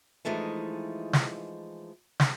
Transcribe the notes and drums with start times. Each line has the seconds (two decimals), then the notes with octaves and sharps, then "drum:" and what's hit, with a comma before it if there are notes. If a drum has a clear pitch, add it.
0.25 E3 F3 G#3 A3 D#4
1.13 drum: snare
2.20 drum: snare